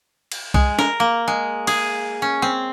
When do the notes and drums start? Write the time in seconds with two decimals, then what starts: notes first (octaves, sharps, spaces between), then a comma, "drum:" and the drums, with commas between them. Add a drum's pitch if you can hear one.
0.32 drum: cymbal
0.54 G#3, drum: kick C2
0.79 A#4, drum: snare
1.00 A#3
1.28 G#3
1.67 G#4, drum: cymbal
2.22 C#4
2.42 C4